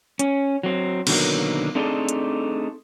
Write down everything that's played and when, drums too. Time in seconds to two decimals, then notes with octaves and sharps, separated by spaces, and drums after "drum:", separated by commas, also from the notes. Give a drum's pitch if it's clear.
0.19 C#4, drum: hi-hat
0.63 F#3 C4
1.07 B2 D3 D#3 F#3 A#3 B3, drum: cymbal
1.75 A3 C4 D4 D#4 G#4 A4
2.09 drum: hi-hat